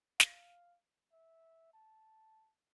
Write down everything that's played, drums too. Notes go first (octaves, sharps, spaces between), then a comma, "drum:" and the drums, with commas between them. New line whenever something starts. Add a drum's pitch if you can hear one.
F5, drum: snare
E5
A5